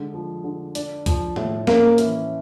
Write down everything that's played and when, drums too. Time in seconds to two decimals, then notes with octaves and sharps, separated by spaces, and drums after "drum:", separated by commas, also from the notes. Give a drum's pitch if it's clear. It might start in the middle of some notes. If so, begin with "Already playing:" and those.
Already playing: D3 G#3
0.14 F3
0.44 D3
0.75 D4, drum: hi-hat
1.06 F3, drum: kick, hi-hat
1.36 A2, drum: tom D#3
1.67 A#3 C#4, drum: snare
1.98 E3, drum: hi-hat